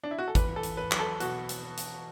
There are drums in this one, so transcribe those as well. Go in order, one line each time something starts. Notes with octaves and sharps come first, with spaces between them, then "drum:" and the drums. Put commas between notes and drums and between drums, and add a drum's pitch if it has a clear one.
D4
E4
F#4
A4
E2 B4, drum: kick G#1, hi-hat
A4
E2, drum: hi-hat
B4
F#3, drum: clap
A4
B2 F#4, drum: hi-hat
drum: hi-hat
drum: hi-hat